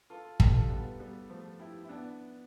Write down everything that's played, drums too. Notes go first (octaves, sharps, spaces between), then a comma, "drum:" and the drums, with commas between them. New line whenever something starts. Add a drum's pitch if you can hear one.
F4 A4
A4, drum: kick
G4
F4 A4
G3 B3
G3 B3
F3 A3
E4 G4
E4
B3 D4